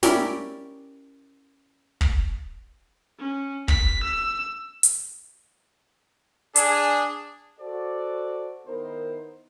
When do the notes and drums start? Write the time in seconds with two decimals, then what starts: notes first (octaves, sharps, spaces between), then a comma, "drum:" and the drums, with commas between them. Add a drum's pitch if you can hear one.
0.03 C#4 E4 G4 A#4 D5, drum: snare
2.01 drum: kick
3.19 C#4
3.68 B6, drum: kick
4.03 E6
4.83 drum: hi-hat
6.56 D4 G#4, drum: hi-hat
7.60 F#4 A4 C5 D5
8.67 D#3 B3 D#4 E4 A#4 C5